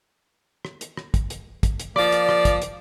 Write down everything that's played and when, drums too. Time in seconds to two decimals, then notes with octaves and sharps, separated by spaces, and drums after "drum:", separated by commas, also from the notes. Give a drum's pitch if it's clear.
0.65 drum: rim click
0.81 drum: hi-hat
0.97 drum: rim click
1.14 drum: kick, hi-hat
1.30 drum: hi-hat
1.63 drum: kick, hi-hat
1.80 drum: hi-hat
1.96 F3 A#3 D5, drum: rim click
2.12 drum: hi-hat
2.29 drum: rim click
2.45 drum: kick, hi-hat
2.62 drum: hi-hat